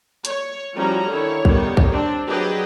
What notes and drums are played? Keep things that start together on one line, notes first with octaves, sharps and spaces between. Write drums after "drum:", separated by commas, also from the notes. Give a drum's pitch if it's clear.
C#5, drum: hi-hat
F3 G3 C#4 E4 F#4 A#5
D3 D#3 E4 C#5
D#3 G3 B3 C#5, drum: kick
drum: kick
C4 D4
F#3 D4 G4 G#4 B4 D#5